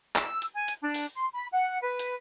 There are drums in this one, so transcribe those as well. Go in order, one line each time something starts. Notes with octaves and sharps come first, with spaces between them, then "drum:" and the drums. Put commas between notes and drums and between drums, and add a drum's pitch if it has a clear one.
E6, drum: clap
drum: hi-hat
G#5
drum: hi-hat
D4
drum: open hi-hat
C6
B5
F#5
B4
drum: hi-hat